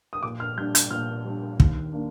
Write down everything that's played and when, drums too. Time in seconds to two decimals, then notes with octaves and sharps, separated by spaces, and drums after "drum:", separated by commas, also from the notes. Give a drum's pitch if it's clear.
0.13 D#6
0.23 A#2 D6
0.40 F6
0.57 G3 D4 G6
0.75 G6, drum: hi-hat
0.91 A#2 F6
1.25 G3 D4
1.60 D#2, drum: kick
1.93 A#3 D4